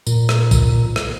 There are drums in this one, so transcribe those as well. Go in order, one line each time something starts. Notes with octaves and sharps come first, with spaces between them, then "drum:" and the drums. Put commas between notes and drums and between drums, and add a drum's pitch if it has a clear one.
A#2, drum: tambourine
drum: rim click
drum: kick, tambourine
drum: rim click